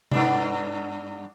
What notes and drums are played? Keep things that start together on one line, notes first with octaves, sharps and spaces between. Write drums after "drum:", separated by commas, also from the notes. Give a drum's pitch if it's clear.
G2 B3 D4, drum: tom C3